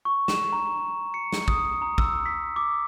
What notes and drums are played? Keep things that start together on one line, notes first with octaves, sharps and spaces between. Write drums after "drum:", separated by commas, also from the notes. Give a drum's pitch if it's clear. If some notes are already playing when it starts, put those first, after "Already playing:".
C#6
E7, drum: snare
A#5
C#7
drum: snare
D#6, drum: kick
A#5
E6, drum: kick
B6
D6